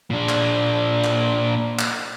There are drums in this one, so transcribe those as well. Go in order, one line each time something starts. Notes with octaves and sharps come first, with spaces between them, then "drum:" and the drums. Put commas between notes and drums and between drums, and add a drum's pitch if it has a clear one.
A#2 D4
drum: clap
drum: clap
drum: clap